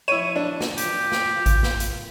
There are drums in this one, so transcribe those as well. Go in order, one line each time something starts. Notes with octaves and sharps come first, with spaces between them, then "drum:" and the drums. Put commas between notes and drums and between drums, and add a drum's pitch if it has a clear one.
F3 E4 C#5 D#7
D4
drum: snare
F4 G4, drum: hi-hat
drum: snare
drum: kick G#1, hi-hat
drum: snare
drum: hi-hat